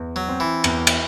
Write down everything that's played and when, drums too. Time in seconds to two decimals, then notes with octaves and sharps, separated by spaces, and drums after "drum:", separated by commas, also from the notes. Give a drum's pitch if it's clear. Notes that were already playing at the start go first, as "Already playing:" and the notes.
Already playing: E2
0.16 F#3
0.29 C4
0.40 E3
0.64 E2, drum: cymbal
0.87 drum: cymbal